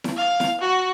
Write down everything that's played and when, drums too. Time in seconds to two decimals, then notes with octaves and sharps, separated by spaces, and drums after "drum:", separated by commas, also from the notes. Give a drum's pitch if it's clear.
0.04 drum: snare E4
0.17 F5
0.40 drum: snare E4
0.61 F#4